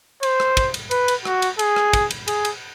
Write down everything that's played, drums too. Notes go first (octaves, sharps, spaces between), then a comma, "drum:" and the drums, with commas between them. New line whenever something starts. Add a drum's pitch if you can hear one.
C5, drum: cymbal
drum: rim click
drum: kick, cymbal
drum: cymbal
B4, drum: cymbal
drum: cymbal
F#4, drum: rim click
drum: cymbal
G#4, drum: cymbal
drum: rim click
drum: kick, cymbal
drum: cymbal
G#4, drum: cymbal
drum: cymbal